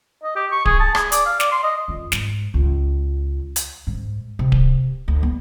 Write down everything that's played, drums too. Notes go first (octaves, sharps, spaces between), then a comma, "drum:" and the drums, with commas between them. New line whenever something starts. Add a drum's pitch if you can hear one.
D#5
G4
C#6
G#4, drum: kick D1
A5
G#4, drum: rim click
D5, drum: hi-hat
F5
D5, drum: snare
C6
D#5
F2
G#2, drum: snare
C#2
drum: hi-hat
G#2
C3
drum: kick D1
D2
B3